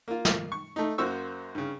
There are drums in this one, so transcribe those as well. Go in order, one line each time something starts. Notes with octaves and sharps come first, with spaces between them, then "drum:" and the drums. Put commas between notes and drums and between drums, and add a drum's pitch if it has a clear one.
A#3 F4
drum: snare
C#6
A3 D#4
F#2 A#3 F#4 C5 C#6 E6
G2 C#3